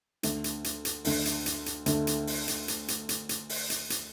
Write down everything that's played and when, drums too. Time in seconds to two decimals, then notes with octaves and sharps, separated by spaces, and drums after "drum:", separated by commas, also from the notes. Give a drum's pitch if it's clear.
0.23 D2 D3 A3, drum: hi-hat
0.44 drum: hi-hat
0.64 drum: hi-hat
0.85 drum: hi-hat
1.05 D2 D3 A3, drum: open hi-hat
1.25 drum: hi-hat
1.46 drum: hi-hat
1.66 drum: hi-hat
1.86 D2 D3 A3, drum: hi-hat
2.07 drum: hi-hat
2.27 drum: open hi-hat
2.48 drum: hi-hat
2.68 drum: hi-hat
2.88 drum: hi-hat
3.09 drum: hi-hat
3.29 drum: hi-hat
3.49 drum: open hi-hat
3.70 drum: hi-hat
3.90 drum: hi-hat